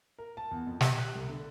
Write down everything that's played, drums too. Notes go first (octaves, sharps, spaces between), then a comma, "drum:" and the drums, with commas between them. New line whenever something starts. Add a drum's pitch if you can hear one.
A#4
A5
E2
F2
G4, drum: snare
F#6
C2
D3